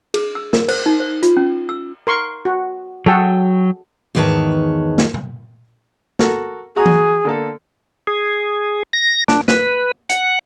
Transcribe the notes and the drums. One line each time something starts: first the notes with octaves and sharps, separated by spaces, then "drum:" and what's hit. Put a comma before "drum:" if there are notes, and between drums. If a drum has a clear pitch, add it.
G#4, drum: cymbal
E6
A#4, drum: snare
C5, drum: cymbal
D#4
C5
F4, drum: hi-hat
C#4
E6
A#4 C6 C#6
F#4
F#3 F#4 G#4 A4 G5
E2 G#2 D#3 B4 C#5 A5
drum: snare
drum: tom A#2
F#4 A4 A#4, drum: snare
F#4 G#4 A#5 D#6
drum: tom E3
D3 A#3 A4
G#4
A#6
D4, drum: snare
B4, drum: snare
F#5, drum: hi-hat